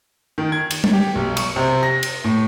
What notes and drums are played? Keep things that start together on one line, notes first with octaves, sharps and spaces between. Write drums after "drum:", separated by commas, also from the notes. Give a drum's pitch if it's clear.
D#3
G#6
drum: cymbal
drum: tom G3
G4
B1
C#6, drum: cymbal
C3
A#6
drum: cymbal
A2